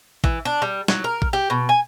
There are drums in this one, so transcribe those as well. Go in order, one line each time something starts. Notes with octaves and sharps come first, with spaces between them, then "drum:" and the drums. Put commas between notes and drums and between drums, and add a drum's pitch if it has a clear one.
E3, drum: kick A1
D4
G3
F#3, drum: snare
A#4
drum: kick A1
G4
B2
G#5